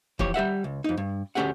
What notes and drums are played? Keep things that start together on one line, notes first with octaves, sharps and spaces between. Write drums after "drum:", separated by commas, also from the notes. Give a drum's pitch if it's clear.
F2 E3 G4 C#5, drum: kick
G3 G4 E5 F#5
C#2
F2 D#4
G2
D2 A3 C#4 G4 G#4 F#5